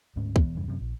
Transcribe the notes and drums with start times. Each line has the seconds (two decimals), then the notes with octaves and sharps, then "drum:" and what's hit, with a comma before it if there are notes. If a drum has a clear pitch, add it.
0.16 D1 D2 G#2 C#4
0.36 E1 E3 B3, drum: kick
0.55 E2 G2 C#3
0.68 F#2 C3
0.81 A#1